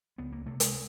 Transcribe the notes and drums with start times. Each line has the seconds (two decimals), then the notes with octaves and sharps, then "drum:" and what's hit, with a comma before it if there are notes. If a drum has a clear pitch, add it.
0.18 C#2 B3
0.32 A#3
0.46 C3 A3
0.60 G#3, drum: hi-hat